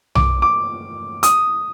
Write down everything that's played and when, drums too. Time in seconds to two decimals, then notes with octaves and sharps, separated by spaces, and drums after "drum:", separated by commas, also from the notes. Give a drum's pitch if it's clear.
0.15 D6, drum: tom B1
0.42 D6
1.23 D#6, drum: hi-hat